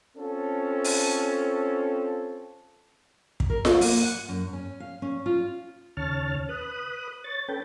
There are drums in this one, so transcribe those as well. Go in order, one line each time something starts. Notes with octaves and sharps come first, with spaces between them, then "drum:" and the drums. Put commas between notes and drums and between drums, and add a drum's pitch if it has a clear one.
C4 C#4 F4 A4
drum: open hi-hat
drum: kick
A#4
F4, drum: snare F4
A#3, drum: open hi-hat
F#5
F#2
C#4
F5
C#4
F4
D#2 C#3 C#5 A5 F6
B4 D#6 F#6
C#5 A6
C#4 A4 B4 G5